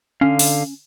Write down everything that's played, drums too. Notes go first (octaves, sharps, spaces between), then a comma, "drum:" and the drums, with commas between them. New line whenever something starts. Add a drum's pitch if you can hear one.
D3 C#4 F5
drum: open hi-hat